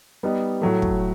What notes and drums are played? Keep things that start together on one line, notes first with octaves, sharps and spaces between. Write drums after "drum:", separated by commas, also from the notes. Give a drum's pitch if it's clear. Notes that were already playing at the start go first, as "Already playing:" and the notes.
G3 B3 D#4
A2 F#3 A3
drum: kick